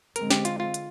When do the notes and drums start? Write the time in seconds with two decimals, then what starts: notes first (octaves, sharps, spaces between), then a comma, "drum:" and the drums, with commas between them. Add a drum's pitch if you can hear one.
0.16 D3 G#3 C4 A#4, drum: hi-hat
0.31 G4, drum: snare
0.45 F4, drum: hi-hat
0.60 F4
0.74 drum: hi-hat